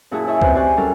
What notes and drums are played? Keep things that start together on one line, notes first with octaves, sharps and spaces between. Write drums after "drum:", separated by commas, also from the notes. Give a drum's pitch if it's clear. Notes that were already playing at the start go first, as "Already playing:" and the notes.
F#2 A#2 E4 F#4 G#4 A5
E4 C#5 D#5 E5 G#5 C#6
C4 F#4 B4 C5, drum: kick C2
G4 C5 D5 G#5 C#6 F#6
F#3 G3 C#4 A4 A#4